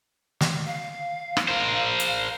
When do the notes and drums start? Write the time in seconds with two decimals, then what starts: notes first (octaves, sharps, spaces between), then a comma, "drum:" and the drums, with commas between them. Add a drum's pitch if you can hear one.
0.41 drum: snare
0.67 F5
1.37 drum: rim click
1.48 A#4 C5
2.00 drum: hi-hat